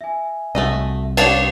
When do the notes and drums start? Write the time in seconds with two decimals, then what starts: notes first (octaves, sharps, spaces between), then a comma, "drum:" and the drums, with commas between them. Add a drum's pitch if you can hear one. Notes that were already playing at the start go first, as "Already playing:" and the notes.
0.01 E5 G#5
0.55 C2 A3 F#4 D#5
1.17 D4 C5 C#5 F5 A5, drum: cymbal